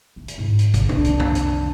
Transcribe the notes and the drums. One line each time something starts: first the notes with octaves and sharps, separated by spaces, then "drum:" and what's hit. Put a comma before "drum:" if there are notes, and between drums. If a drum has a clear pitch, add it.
A3
drum: hi-hat
G#2 E4
drum: hi-hat
drum: kick, hi-hat
C2 D#3 D4, drum: tom
drum: hi-hat
drum: tom
drum: hi-hat